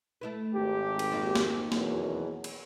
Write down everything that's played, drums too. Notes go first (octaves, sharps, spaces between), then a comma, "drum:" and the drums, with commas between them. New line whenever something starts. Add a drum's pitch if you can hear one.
A3 E4 B4
G#1 G4
drum: cymbal
F2 D#3 A#3
drum: snare
E2 B2 F#3, drum: snare
drum: cymbal